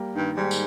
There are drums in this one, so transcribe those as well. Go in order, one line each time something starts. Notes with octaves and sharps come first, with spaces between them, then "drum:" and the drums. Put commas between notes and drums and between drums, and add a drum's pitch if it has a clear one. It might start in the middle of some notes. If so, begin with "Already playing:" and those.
Already playing: G3 A#3
G2 D#3
G#2 G3
drum: tambourine